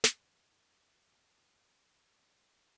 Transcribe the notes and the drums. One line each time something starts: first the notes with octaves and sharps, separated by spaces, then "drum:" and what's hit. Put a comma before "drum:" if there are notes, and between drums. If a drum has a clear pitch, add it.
F2 D3 F3 G3, drum: snare